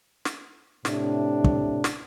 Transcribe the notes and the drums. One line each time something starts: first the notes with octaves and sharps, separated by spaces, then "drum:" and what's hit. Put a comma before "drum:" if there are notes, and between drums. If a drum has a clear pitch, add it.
drum: snare
A2 C3 D4, drum: snare
drum: kick
drum: snare